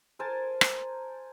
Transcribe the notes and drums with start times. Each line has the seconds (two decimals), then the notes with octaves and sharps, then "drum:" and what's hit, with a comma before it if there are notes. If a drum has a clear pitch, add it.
0.19 A#4 C5 G#5 A5
0.61 drum: rim click